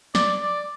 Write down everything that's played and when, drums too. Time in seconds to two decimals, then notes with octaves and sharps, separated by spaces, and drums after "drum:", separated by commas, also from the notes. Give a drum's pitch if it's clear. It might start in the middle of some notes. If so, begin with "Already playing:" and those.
0.15 D5, drum: snare
0.42 D5